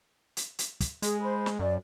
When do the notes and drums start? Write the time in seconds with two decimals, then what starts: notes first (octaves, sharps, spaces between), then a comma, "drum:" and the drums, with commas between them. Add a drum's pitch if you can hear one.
0.37 drum: hi-hat
0.59 drum: hi-hat
0.80 drum: kick, hi-hat
1.02 G#3 G#4, drum: hi-hat
1.21 C5 B5
1.46 drum: snare
1.59 F#2 D5